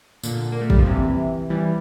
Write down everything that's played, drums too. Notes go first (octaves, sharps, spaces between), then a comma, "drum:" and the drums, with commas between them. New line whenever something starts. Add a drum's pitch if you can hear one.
A#2 D3, drum: tambourine
A#3
A3
G3, drum: kick
F3
C3 E3
E3 G3